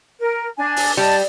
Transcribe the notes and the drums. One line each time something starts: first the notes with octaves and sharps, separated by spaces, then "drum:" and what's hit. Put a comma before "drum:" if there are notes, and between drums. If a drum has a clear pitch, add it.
A#4
D4 G#5
drum: open hi-hat
G3 D#5 A5